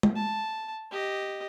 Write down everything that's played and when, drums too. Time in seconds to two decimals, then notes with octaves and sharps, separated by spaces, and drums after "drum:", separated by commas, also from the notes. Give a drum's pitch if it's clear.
0.03 drum: tom G#3
0.15 A5
0.91 G4 D#5